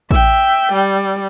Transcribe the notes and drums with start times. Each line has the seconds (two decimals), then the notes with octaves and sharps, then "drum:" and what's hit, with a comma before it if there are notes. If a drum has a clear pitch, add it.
0.11 E5 G5, drum: kick A1
0.72 G3